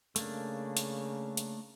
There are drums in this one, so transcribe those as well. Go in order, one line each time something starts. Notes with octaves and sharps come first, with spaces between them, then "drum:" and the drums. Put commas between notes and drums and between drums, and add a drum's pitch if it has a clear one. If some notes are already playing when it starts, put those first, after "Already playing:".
C#3 A3 A#3 D4, drum: hi-hat
drum: hi-hat
drum: hi-hat